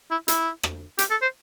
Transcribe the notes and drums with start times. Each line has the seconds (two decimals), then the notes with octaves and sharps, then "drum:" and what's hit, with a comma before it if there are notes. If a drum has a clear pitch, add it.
0.11 E4
0.28 E4, drum: hi-hat
0.63 drum: rim click
0.99 G4, drum: hi-hat
1.11 A4
1.22 C5